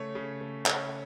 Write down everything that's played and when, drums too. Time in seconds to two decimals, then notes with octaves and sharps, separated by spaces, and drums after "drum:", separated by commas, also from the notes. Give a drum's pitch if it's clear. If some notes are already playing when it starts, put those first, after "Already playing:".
Already playing: C#3 A3 C#5
0.15 C#3
0.41 A3
0.66 C#3 C#5, drum: clap